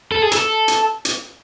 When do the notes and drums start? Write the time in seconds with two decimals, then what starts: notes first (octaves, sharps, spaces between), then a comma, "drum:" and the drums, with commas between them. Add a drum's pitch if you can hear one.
0.12 A4
0.22 G#4
0.32 A4, drum: hi-hat
0.68 drum: hi-hat
1.05 drum: hi-hat